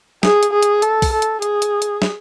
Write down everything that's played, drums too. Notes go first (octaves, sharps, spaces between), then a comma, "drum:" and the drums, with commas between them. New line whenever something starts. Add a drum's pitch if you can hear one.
G#4, drum: snare
drum: hi-hat
G#4
drum: hi-hat
A4, drum: hi-hat
drum: kick B1, open hi-hat
A4
drum: hi-hat
G#4, drum: hi-hat
drum: hi-hat
drum: hi-hat
drum: snare